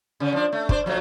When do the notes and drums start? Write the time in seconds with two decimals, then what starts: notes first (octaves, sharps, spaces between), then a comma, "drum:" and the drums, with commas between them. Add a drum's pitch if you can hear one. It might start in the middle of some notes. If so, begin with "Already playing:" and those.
0.20 C#3 C#4
0.33 F3 D4
0.52 A3
0.69 G3 D4 C5, drum: kick
0.86 F3 F#3 A3